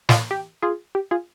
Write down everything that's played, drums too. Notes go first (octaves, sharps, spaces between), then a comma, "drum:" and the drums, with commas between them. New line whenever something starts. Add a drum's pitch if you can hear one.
F4, drum: snare
G4
F4 G#4
G4
F4 G#4